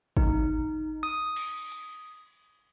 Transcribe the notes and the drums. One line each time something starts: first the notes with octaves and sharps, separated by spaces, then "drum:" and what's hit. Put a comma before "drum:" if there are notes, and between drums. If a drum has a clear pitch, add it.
D#4, drum: kick G#1
D#6
drum: cymbal
drum: hi-hat